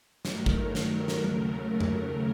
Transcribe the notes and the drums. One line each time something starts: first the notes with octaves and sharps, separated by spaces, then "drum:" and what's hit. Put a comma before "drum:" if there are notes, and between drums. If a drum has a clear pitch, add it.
G2 D#3 F#3 A3 A#4, drum: snare
drum: kick
A#4, drum: snare
drum: snare
D#2 C#3 F#3 A3 A#4, drum: tom G3
drum: tom F2